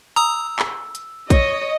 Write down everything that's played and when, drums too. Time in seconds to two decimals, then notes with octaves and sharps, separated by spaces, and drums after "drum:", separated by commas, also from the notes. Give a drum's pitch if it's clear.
0.16 A#5 D#6 E6
0.59 drum: clap
0.95 drum: hi-hat
1.30 C#5 D#5, drum: kick, hi-hat